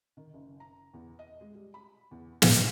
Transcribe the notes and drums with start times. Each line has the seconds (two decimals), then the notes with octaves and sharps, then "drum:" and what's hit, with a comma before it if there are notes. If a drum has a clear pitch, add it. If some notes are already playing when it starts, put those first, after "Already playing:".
0.17 D#3
0.34 F#1
0.60 A#5
0.94 E2
1.19 D#5
1.41 G#3
1.55 G3
1.74 B5
2.11 E2
2.42 C3, drum: snare